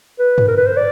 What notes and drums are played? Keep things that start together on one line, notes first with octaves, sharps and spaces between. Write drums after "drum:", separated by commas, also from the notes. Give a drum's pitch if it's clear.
B4
drum: tom G2
A#4
B4
C5
D5